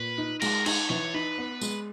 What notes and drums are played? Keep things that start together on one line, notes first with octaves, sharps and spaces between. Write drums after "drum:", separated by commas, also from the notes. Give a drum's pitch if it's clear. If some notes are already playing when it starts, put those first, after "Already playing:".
Already playing: A#2 B4
D#4
G#3 A#4, drum: cymbal
D#4 C#5, drum: cymbal
E3 C#5
D#4 B4
B3
G#3, drum: tambourine